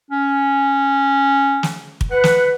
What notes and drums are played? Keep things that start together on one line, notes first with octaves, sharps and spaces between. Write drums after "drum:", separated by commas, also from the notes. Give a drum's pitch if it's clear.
C#4
drum: snare
drum: kick
B4 F#5
drum: snare